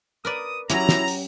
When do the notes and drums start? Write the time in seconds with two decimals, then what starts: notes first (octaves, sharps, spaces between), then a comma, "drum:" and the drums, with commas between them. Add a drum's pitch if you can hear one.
0.25 A#4 B4 D5 D#6
0.70 F#3 C#4 E4 F#4 G4 A#5, drum: hi-hat
0.89 drum: snare
1.08 drum: open hi-hat